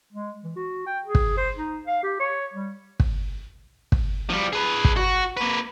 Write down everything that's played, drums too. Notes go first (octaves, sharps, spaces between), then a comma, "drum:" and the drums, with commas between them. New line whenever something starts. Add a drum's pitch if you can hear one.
G#3
E3
F#4
G5
G#4
drum: kick
C5
D#4
F5
G4
C#5
G3
drum: kick
drum: kick
F3 G3
G#4 B4
drum: kick
F#4
A#3 B4